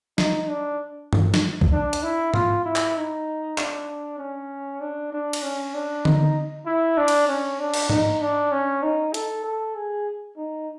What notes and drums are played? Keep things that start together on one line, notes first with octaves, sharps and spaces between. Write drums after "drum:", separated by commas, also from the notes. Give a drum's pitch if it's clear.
D#4, drum: snare
D4
drum: tom G2
drum: snare
drum: kick
D4
drum: hi-hat
E4
F4, drum: tom G#2
E4
drum: clap
D#4
D4, drum: clap
C#4
D4
D4
drum: cymbal
C#4
D4
D#4, drum: tom D3
E4
D4
drum: cymbal
C#4
D4
drum: cymbal
D#4, drum: tom G#2
D4
C#4
D#4
A4, drum: hi-hat
A4
G#4
D#4